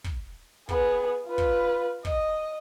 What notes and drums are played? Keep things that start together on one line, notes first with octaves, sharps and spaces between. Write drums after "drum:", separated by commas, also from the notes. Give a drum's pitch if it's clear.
drum: kick
B3 G#4, drum: kick
F4 B4
drum: kick
D#5, drum: kick